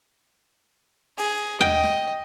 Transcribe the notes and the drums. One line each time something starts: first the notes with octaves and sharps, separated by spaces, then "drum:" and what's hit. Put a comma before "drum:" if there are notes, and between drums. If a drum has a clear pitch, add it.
G#4, drum: open hi-hat
D#5 G5, drum: tom D#2
drum: snare